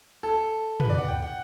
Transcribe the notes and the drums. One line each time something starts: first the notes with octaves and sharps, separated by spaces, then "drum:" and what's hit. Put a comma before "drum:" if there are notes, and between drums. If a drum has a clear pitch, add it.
A4
B4, drum: tom
D5
F#5
G5
F#5